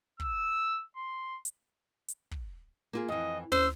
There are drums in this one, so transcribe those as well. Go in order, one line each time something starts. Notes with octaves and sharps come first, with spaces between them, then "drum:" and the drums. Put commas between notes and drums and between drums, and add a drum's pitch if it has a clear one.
E6, drum: kick
C6
drum: hi-hat
drum: hi-hat
drum: kick
A#3 F4 G#4
F2 E3 D#5
C#4 C5 E6, drum: tom